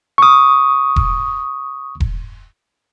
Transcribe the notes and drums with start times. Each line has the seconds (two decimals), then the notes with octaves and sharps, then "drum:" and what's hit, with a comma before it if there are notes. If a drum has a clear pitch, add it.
0.18 C#6 D#6
0.96 drum: kick E1
2.00 drum: kick E1